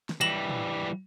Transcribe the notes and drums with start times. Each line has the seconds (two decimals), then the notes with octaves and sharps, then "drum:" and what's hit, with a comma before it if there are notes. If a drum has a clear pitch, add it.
0.09 drum: snare
0.21 E3 G3 A#6 E7 F#7
0.50 drum: tom